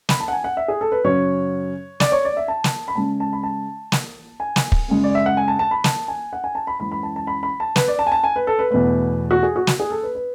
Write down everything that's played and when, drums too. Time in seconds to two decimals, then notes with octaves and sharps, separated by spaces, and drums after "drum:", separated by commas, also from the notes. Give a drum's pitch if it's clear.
0.09 B5, drum: snare
0.20 A5
0.28 F#5
0.33 G#5
0.44 F#5
0.57 E5
0.68 G#4
0.81 A4
0.92 B4
1.04 F#2 C#3 F#3 C#4 C#5
2.00 D5, drum: snare
2.12 C#5
2.25 D5
2.37 E5
2.48 A5
2.64 drum: snare
2.88 B5
2.95 C#3 G#3 C#4 A5
3.20 A5
3.33 B5
3.43 A5
3.92 drum: snare
4.40 G#5
4.56 drum: snare
4.72 drum: kick
4.88 F#2 C#3 G#3
5.04 D5
5.15 E5
5.26 F#5
5.37 G#5
5.48 A5
5.59 A5
5.71 B5
5.84 A5, drum: snare
6.08 G#5
6.33 F#5
6.44 G#5
6.55 A5
6.67 B5
6.80 F#2 E3 G#3 C#4 B5
6.92 B5
7.03 A5
7.16 A5
7.27 B5
7.43 B5
7.60 A5
7.76 B4, drum: snare
7.88 D5
7.99 A5
8.07 G#5
8.12 A5
8.24 G#5
8.36 B4
8.47 A4
8.59 B4
8.71 E2 B2 A3 B4
9.31 F#4
9.43 G#4
9.56 F#4
9.67 drum: snare
9.80 G#4
9.91 A4
10.03 B4
10.15 B4